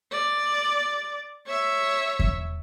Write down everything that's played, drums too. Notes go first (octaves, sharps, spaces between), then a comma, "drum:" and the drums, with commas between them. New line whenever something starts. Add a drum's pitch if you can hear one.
D5
C#5 E5
drum: kick E2